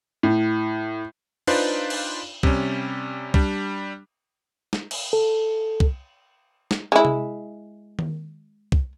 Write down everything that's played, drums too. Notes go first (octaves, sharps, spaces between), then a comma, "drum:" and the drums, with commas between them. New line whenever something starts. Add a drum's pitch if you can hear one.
A2
D4 D#4 F4 B4 C5 D5, drum: cymbal
drum: cymbal
C3 G3 C#4, drum: kick
G3 D4, drum: kick
drum: snare
drum: cymbal
A4
drum: kick
drum: snare
G#3 E4
drum: tom C3
drum: tom D#3
drum: kick